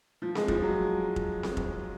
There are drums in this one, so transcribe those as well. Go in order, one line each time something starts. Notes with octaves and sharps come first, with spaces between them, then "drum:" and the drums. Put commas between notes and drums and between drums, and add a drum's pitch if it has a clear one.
F3
G#3, drum: snare C4
F3, drum: kick F1
F#3
drum: kick F1
drum: snare C4
drum: kick F1